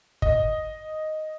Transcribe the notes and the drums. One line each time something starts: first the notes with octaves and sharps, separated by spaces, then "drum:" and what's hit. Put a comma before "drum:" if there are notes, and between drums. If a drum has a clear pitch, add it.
D#5, drum: kick